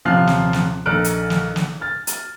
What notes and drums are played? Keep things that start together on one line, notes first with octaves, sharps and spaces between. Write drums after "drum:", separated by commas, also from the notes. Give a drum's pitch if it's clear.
D#1 C3 F3 F5 F#6
drum: snare
drum: snare
A#1 D#4 A4 F6 F#6 D7
drum: hi-hat
drum: snare
drum: snare
F6 A6
drum: hi-hat